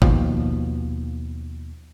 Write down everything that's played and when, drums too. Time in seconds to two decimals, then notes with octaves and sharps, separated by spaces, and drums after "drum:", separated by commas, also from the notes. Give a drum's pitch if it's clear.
0.02 D#2 B2 F3, drum: kick